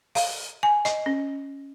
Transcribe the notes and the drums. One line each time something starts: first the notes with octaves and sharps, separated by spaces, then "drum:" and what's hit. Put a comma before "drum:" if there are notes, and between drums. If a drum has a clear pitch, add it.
F5, drum: open hi-hat
G#5
D#5, drum: hi-hat
C#4